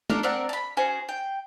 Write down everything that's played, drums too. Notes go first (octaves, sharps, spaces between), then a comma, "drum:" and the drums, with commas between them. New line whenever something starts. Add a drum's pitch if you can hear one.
D4 D#4 A4 A#4, drum: tom
C4 D4 A#4 F#5
A5 B5
C#4 F#4 G#4 C5
G5